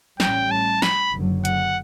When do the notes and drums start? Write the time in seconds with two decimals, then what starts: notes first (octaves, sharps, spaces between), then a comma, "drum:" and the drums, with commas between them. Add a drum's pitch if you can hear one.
0.20 A1 A2 G3 C#4 G5, drum: snare
0.51 A5
0.82 B5, drum: snare
1.13 F#1 F#2 D3 F#3
1.45 F#5, drum: hi-hat